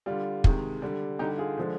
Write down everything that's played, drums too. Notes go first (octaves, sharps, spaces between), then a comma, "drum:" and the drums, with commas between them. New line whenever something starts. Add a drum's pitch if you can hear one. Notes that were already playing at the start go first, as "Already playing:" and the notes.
D3 G3 F4
C3 D#3 G#3, drum: kick
D3 G3
D3 G3 D#4 G4
F4 G#4
D3 F3 G#3